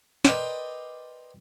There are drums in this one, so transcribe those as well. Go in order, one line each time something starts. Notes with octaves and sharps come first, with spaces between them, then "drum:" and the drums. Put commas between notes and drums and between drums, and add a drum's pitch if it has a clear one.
A#4 B4 D5 D#5 G5 C6, drum: snare